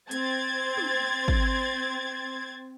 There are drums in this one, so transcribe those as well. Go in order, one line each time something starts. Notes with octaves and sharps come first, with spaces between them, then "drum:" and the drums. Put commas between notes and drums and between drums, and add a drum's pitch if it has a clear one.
C4 G#6 A6, drum: hi-hat
drum: tom
drum: kick G#1